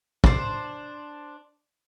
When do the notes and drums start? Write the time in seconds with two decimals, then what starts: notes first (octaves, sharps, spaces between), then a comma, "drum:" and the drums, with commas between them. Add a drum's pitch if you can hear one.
0.24 D4 C5, drum: kick